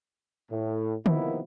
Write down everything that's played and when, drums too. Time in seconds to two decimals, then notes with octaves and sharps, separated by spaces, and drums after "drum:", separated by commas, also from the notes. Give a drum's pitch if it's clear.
0.51 A2
1.06 C3 D#3 F3 A#3 B3 E4, drum: tom D3